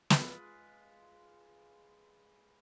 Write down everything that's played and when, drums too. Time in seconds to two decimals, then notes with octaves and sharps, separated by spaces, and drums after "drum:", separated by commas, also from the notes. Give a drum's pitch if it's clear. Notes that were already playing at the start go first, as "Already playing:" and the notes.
0.10 G#3 F4 B4, drum: snare